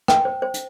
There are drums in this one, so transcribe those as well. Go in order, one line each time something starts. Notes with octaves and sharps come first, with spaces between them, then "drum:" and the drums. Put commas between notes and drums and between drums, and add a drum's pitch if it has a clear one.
G5, drum: rim click
C5
C5
drum: hi-hat